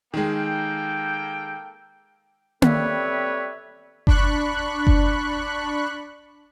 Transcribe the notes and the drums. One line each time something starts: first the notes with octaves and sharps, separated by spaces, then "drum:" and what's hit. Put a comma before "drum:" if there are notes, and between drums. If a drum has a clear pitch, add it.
D#3 G#3 A#3 A4 G5
G3 C4 A4 B4 C#5 E5, drum: tom A#3
D4 B5 C#6 F#6, drum: kick F#1
drum: kick F#1